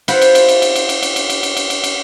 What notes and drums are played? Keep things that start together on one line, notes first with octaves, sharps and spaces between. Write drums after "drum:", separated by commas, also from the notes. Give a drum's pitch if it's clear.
E4 F4 C5 F#5 B5, drum: cymbal
drum: cymbal
drum: cymbal
drum: cymbal
drum: cymbal
drum: cymbal
drum: cymbal
drum: cymbal
drum: cymbal
drum: cymbal
drum: cymbal
drum: cymbal
drum: cymbal
drum: cymbal